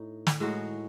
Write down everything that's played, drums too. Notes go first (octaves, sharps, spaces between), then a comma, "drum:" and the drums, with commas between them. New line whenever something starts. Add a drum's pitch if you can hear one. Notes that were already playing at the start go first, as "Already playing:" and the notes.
Already playing: A2 D#4
drum: snare
A2 G#3 D#4 F#4